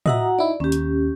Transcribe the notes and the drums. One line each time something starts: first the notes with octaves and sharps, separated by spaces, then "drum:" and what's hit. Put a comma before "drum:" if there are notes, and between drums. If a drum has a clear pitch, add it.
F#4 D#5 E5 F#5 A#5, drum: tom
D#4 E4 D5
D#2 C#4 G4
drum: hi-hat